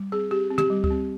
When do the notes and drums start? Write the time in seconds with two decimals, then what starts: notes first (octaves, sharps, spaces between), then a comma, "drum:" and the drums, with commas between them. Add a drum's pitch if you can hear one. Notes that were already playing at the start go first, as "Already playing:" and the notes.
Already playing: G3
0.12 C4 G#4
0.31 C4 G4
0.51 C4
0.58 G4, drum: tom
0.70 G3
0.84 G4, drum: kick C#2
0.91 C4